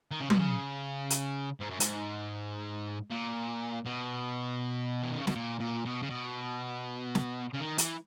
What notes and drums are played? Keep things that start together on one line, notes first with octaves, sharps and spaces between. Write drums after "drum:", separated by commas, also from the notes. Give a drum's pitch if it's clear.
D#3
C#3
B2, drum: tom F#3
C#3
drum: hi-hat
G#2
F#2
G#2, drum: hi-hat
A#2
B2
E3
D#3
C#3
B2, drum: snare
A#2
A#2
B2
C#3
B2
drum: snare
C#3
D#3
E3, drum: hi-hat